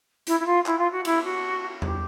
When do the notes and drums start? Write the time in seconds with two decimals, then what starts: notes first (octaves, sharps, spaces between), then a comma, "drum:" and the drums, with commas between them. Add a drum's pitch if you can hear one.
0.27 E4, drum: hi-hat
0.39 E4
0.45 F4
0.66 E4, drum: clap
0.78 F4
0.91 F#4
1.05 E4, drum: cymbal
1.24 F#4
1.82 G4, drum: tom E2